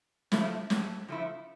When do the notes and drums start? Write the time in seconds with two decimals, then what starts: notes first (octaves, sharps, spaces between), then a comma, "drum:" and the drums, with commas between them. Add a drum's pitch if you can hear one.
0.32 F3 A3 E4, drum: snare
0.70 A2, drum: snare
1.08 F3 A3 E4